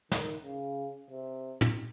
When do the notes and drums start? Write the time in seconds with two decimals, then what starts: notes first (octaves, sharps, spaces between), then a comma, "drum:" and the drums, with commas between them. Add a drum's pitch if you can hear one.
0.12 D#3, drum: snare
0.43 C#3
1.10 C3
1.61 drum: tom